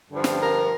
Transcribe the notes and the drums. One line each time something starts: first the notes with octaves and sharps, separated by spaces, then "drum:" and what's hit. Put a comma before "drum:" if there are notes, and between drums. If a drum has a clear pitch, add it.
G2 D3 F3
drum: snare
A#4